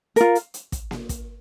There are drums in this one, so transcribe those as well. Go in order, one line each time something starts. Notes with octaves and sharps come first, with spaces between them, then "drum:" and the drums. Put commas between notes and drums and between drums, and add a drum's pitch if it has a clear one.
F4 A#4, drum: hi-hat
drum: hi-hat
drum: hi-hat
drum: kick, hi-hat
drum: snare A#3
drum: kick, hi-hat